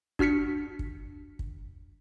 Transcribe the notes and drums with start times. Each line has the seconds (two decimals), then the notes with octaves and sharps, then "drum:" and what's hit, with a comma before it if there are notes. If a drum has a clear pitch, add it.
0.19 D4 F#4 F6 B6 C#7, drum: kick
0.79 drum: kick
1.39 drum: kick